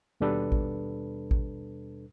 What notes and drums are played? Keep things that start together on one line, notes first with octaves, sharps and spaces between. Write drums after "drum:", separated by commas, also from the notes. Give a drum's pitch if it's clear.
D#2 B2 G3 D4 A4 B4
drum: kick A1
drum: kick A1